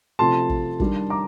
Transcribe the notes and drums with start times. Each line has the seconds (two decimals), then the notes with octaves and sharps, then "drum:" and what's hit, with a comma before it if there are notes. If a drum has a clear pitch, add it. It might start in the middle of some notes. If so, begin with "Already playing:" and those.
0.19 C3 F3 A3 C4 A5 C6
0.49 drum: kick
0.80 D#3 G3 D4, drum: kick
1.10 A#5 D6